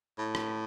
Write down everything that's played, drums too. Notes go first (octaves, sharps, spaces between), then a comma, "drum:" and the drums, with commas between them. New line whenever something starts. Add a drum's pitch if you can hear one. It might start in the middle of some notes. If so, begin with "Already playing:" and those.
A2
drum: rim click